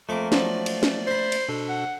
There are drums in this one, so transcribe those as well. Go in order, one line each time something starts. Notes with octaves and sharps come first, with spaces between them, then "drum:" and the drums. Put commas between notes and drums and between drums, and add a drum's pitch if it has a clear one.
F2 A3 A#3 C#6 D6
F3 F#3 D5, drum: snare
drum: cymbal
drum: snare
C5 E5 B5
drum: cymbal
B2 D4 A4
F#5